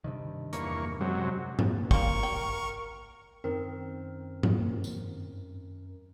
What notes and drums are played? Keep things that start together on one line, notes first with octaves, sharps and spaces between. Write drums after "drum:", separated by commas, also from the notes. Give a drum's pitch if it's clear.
G2 C3 D#3
E2 A#3 C#6, drum: hi-hat
F#2 C3 F#3 G#3
D4, drum: tom G2
A#3 C4 A#4 C#6, drum: kick
G5
F#2 D#3 C4 A#4
drum: tom G2
drum: tambourine